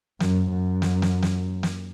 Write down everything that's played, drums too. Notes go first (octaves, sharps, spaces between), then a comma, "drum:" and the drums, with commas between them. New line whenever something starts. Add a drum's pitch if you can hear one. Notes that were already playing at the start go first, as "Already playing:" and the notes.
F#2, drum: snare
F#2
drum: snare
drum: snare
drum: snare
drum: snare